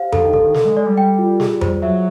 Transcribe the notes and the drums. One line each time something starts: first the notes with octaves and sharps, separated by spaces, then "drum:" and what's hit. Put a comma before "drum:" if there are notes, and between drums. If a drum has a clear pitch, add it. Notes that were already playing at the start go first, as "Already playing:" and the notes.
Already playing: G4 C5 F5
D3 A4, drum: tom F2
D#3
D3 A4, drum: kick
D#3
D3 A4, drum: snare
G#3
G#3 D5
G3
G5
F4
G#4, drum: snare
C5, drum: tom F2
F#3 E5